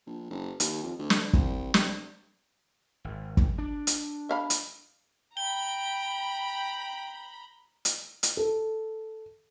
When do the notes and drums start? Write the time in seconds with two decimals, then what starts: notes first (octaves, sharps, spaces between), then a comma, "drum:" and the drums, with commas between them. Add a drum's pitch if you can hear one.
0.07 A#1
0.30 F#1
0.60 D#2, drum: hi-hat
0.84 F2
0.99 D2
1.10 drum: snare
1.33 C2, drum: kick
1.74 C3, drum: snare
3.04 G#1
3.37 drum: kick
3.58 D4
3.87 drum: hi-hat
4.29 E5 F5 B5
4.50 drum: hi-hat
5.37 G5 A#5 B5 G7
7.85 drum: hi-hat
8.23 drum: hi-hat
8.37 A4